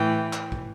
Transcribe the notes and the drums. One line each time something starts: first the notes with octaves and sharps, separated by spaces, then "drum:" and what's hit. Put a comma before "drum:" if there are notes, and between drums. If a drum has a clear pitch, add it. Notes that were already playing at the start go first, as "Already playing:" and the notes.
Already playing: A2 E3 G5
drum: clap
drum: kick